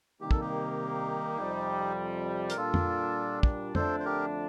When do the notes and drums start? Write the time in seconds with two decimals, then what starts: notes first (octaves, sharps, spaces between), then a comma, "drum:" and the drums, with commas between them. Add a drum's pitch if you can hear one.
0.21 C3 D#3 G3 A#3 G4
0.31 A4, drum: kick
0.41 D#4 G4
1.39 F2 C3 G3
2.50 A#4, drum: hi-hat
2.57 A#2 G3 D4 F4 A4
2.74 drum: tom
3.43 drum: kick
3.75 F2 D3 F3 A3 D4 A4 C5, drum: tom
4.00 C5
4.05 G4 A#4